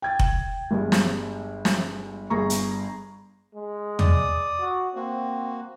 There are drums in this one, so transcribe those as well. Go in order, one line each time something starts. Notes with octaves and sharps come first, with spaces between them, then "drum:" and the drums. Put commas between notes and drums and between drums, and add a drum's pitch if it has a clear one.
G5 G#6 A6
drum: kick F1
G1 G3 G#3
drum: snare
drum: snare
G1 G#4 A#5 C#6
drum: hi-hat
G#3
D5 D#6, drum: tom
F#4
A#3 C4 F#4